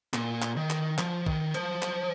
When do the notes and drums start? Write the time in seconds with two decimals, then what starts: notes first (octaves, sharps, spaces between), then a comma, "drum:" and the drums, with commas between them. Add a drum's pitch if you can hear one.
0.14 A#2, drum: clap
0.42 drum: clap
0.56 D#3
0.70 drum: clap
0.98 F3, drum: clap
1.26 D#3, drum: kick
1.54 F3, drum: hi-hat
1.82 drum: clap